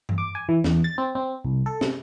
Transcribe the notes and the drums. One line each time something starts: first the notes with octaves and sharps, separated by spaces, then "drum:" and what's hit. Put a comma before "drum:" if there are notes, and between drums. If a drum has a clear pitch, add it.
drum: tom G2
D6
G#5
E3
E2, drum: snare
A6
C4
C4
C2
A4
C3, drum: snare